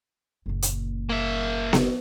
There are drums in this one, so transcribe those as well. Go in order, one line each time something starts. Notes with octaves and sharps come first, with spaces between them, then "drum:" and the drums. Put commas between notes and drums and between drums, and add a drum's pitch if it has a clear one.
F#1 A#2
drum: hi-hat
A#3 E5
drum: snare B3